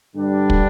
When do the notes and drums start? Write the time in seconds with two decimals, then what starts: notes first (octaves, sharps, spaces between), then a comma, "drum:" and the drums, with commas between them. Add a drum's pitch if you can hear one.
0.14 G2 D3 G3 D4
0.50 drum: kick